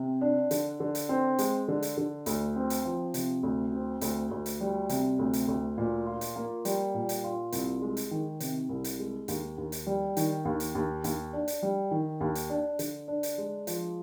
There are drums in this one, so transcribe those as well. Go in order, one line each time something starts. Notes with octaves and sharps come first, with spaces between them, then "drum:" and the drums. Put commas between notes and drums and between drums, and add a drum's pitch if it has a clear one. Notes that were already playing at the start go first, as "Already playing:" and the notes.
Already playing: C3
D4
D3, drum: hi-hat
D3
drum: hi-hat
C4
G#3, drum: hi-hat
D3
drum: hi-hat
D3
D2, drum: hi-hat
C4
drum: hi-hat
F3
C3, drum: hi-hat
D2
C4
D2, drum: hi-hat
D2
drum: hi-hat
G3
C3, drum: hi-hat
D2
drum: hi-hat
D2
A#2
F4
drum: hi-hat
A#3
G3, drum: hi-hat
A#2
drum: hi-hat
F4
C2, drum: hi-hat
G#3
drum: hi-hat
D#3
C3, drum: hi-hat
C2
drum: hi-hat
G#3
D#2, drum: hi-hat
D#2
drum: hi-hat
G3
D#3, drum: hi-hat
D#2
drum: hi-hat
D#2
D#2, drum: hi-hat
D4
drum: hi-hat
G3
D#3
D#2
drum: hi-hat
D4
D3, drum: hi-hat
D4
drum: hi-hat
G#3
F3, drum: hi-hat